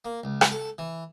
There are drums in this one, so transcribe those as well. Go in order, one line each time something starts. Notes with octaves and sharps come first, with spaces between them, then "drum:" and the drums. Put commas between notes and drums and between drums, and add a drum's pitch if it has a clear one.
A#3
C#2
drum: rim click
A4
E3